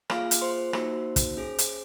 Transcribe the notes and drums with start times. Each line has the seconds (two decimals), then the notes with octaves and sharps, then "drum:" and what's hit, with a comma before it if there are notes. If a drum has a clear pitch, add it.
0.10 A#3 F4 G#4 F5 F6, drum: rim click
0.31 drum: hi-hat
0.41 C5 C6
0.73 A#3 D#4 F#4, drum: rim click
1.16 drum: kick, hi-hat
1.37 C#4 G#4
1.58 drum: hi-hat